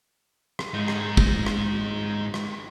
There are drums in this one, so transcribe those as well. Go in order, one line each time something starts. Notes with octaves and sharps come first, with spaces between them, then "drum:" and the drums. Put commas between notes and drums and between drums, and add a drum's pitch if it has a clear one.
drum: rim click
G#2 D#4
drum: rim click
drum: kick
drum: rim click
drum: rim click